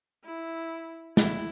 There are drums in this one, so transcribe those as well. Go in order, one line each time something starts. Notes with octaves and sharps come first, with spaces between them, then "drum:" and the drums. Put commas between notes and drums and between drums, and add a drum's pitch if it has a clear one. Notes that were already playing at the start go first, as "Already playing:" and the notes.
E4
E4, drum: snare